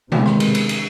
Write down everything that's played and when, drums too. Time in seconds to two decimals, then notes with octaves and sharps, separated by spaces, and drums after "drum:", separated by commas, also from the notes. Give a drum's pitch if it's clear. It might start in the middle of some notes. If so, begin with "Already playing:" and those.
0.12 C3 D#3 G#3 B3, drum: tom D3
0.26 drum: rim click
0.40 drum: cymbal
0.55 drum: cymbal
0.69 drum: cymbal